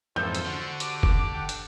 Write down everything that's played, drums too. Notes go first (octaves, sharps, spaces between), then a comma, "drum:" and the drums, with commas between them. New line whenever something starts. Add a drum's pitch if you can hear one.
F2 G#2 E3 F4 A4 C5 G6
drum: hi-hat
D3 F#4
G4 D6, drum: hi-hat
drum: kick F#1
F#5 G5
drum: hi-hat